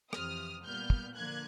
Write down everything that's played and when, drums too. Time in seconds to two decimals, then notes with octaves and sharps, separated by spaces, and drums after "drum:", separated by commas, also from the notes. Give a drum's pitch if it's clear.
0.13 F2 C3 E3 D#6 F6, drum: rim click
0.64 A#2 G3 B3 F6 G6
0.90 drum: kick
1.16 D3 F3 A#3 F#6 G#6